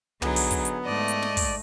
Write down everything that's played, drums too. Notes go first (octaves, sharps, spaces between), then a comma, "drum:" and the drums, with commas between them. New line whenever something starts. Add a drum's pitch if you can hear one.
D3 F#3 B3 D#4 G#4, drum: tom
drum: open hi-hat
drum: kick, hi-hat
drum: hi-hat
G#2 A3 D5 D#5
drum: hi-hat
drum: snare
drum: kick, open hi-hat